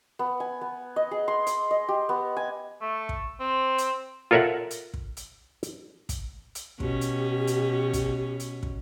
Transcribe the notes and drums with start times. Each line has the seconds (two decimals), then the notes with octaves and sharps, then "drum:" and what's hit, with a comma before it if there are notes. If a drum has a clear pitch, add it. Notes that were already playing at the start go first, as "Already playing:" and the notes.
0.19 B3
0.40 G#5
0.61 B3
0.96 D#5
1.11 G#4
1.28 C6
1.47 C6, drum: hi-hat
1.71 D#5
1.89 G4
2.09 B3
2.37 G#5
2.81 A3
3.09 drum: kick
3.40 C4
3.78 drum: hi-hat
4.31 F4 A4 A#4 C#5 E5 F#5
4.71 drum: hi-hat
4.94 drum: kick
5.17 drum: hi-hat
5.63 drum: hi-hat
6.09 drum: kick, hi-hat
6.55 drum: hi-hat
6.80 B2 C#4 G4, drum: kick
7.01 drum: hi-hat
7.47 drum: hi-hat
7.93 drum: kick, hi-hat
8.40 drum: hi-hat
8.63 drum: kick